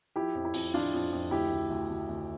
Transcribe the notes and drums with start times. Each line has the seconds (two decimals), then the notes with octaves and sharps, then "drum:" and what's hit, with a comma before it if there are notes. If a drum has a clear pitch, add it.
0.16 F3 E4 G4
0.35 F2
0.45 E4
0.54 F2, drum: open hi-hat
0.74 F2 D4 F4
0.93 F2
1.12 F2
1.31 D2 E4 G4
1.51 D2
1.70 D2
1.89 D2
2.09 D2